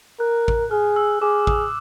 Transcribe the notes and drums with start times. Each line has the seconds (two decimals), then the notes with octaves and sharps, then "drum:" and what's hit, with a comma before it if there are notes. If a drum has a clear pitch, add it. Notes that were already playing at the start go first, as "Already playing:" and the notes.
0.19 A#4 F#6
0.48 drum: kick A1
0.71 G#4 F6
0.96 E6
1.22 G#4 D6
1.47 D#6, drum: kick A1